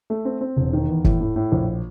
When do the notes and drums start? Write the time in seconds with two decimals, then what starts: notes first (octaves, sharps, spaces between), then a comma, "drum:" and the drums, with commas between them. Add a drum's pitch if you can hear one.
0.10 A3
0.25 C4
0.41 C4
0.56 E1
0.73 D#3
0.89 E2
1.04 A2, drum: kick
1.21 A2
1.36 A2
1.52 A#1